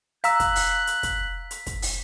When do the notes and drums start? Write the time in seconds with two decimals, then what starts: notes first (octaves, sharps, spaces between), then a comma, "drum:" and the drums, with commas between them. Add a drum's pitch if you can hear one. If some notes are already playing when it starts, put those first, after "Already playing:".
0.24 F5 A#5 E6 F#6 B6, drum: hi-hat
0.40 drum: kick, hi-hat
0.56 drum: open hi-hat
0.87 drum: hi-hat
1.03 drum: kick, hi-hat
1.51 drum: hi-hat
1.66 drum: kick, hi-hat
1.82 drum: open hi-hat